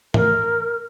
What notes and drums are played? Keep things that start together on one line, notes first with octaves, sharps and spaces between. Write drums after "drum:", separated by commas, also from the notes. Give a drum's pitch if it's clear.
A#4, drum: tom G#2